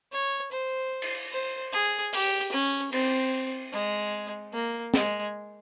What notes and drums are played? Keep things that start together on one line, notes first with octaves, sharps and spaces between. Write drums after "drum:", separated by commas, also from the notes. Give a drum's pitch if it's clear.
C#5
C5
drum: cymbal
C5
G#4
G4, drum: open hi-hat
C#4
C4, drum: cymbal
G#3
A#3
G#3, drum: snare